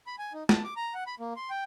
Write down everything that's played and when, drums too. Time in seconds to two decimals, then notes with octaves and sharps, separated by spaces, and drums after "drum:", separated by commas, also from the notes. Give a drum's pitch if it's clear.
0.07 B5
0.19 G#5
0.33 D#4
0.49 A5, drum: snare
0.64 D6
0.76 A#5
0.94 F#5
1.07 B5
1.20 A#3
1.36 C6
1.50 G5